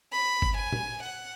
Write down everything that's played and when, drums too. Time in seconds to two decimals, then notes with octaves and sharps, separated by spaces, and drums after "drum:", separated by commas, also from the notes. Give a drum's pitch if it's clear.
0.12 B5
0.42 drum: kick G1
0.57 G#5
0.72 drum: tom
1.03 F#5